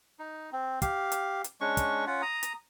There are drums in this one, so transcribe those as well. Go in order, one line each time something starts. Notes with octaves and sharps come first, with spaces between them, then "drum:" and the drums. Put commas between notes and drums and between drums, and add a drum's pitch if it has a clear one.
D#4
C4
G4 F5, drum: kick, hi-hat
drum: hi-hat
drum: hi-hat
G#3 C#4 D4 C#6
drum: kick, hi-hat
C#4 F4 F#5
A#5 D#6
drum: hi-hat